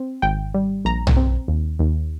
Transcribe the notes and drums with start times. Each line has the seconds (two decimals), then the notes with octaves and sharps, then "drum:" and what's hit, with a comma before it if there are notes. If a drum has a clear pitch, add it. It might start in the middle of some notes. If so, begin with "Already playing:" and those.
Already playing: C4
0.22 G#1 G5
0.54 G3
0.85 A#1 A#5
1.07 drum: tom B1
1.17 C4
1.48 D#2
1.79 D#2